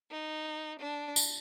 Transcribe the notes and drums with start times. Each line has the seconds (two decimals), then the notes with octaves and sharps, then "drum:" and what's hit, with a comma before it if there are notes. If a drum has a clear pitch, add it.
0.11 D#4
0.79 D4
1.16 drum: tambourine